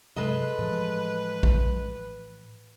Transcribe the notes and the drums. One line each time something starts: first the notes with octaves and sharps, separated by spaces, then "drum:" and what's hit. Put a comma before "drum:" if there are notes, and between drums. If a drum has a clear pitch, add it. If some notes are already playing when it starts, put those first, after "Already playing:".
G2 C3 F#3 G#3 A4 B4 D#5
A2 E3 F3
drum: kick A#1